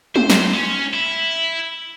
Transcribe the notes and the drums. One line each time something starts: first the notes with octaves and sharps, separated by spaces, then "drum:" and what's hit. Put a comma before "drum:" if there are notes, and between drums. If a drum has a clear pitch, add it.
C5, drum: tom G#3
drum: snare
C#4
E4